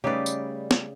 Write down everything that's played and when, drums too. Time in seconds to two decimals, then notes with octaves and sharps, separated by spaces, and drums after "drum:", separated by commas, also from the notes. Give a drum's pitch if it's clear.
0.04 C#3 G3 A3 C#4 D#4 G4 B4 D5
0.26 drum: tambourine
0.71 drum: snare